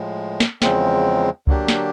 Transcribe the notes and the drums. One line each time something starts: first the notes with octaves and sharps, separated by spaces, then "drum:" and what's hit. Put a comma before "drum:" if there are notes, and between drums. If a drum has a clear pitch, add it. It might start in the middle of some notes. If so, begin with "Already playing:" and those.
Already playing: A2 F3 G#3
drum: snare
E2 C#3 F3 G#3 C4, drum: snare
D3 F#3 A#3 D4 G4, drum: kick C#2
drum: snare